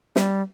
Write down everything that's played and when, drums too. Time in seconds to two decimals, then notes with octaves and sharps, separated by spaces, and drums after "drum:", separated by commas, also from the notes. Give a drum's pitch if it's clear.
0.16 G3, drum: snare